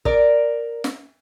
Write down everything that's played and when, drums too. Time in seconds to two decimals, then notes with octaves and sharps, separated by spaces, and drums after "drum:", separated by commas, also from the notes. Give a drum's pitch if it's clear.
0.05 A#4 D5, drum: kick
0.84 drum: snare